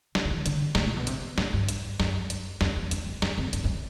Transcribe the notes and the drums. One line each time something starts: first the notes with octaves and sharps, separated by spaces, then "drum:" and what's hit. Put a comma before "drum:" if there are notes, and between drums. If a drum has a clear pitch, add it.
F3, drum: snare
E3
D#3
D3, drum: hi-hat
A2, drum: snare
A#2
B2
C3, drum: hi-hat
A2, drum: snare
G2
drum: hi-hat
F#2, drum: snare
drum: hi-hat
F2, drum: snare
E2
F#2, drum: hi-hat
F#2
F#2, drum: snare
F2
F#2, drum: hi-hat
F#2